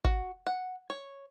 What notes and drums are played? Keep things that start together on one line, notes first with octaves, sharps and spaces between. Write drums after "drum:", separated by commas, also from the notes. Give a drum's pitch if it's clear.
F#4, drum: kick
F#5
C#5